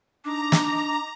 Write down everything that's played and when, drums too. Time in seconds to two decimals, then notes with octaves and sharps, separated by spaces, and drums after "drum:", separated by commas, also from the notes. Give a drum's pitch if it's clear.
0.24 D4 D#4 A#5 D6
0.52 drum: snare